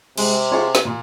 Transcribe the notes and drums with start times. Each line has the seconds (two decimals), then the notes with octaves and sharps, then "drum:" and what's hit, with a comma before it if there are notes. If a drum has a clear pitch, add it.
0.18 C3 G#3, drum: cymbal
0.51 C4 F4 G#4 C#5
0.75 drum: snare
0.85 A#2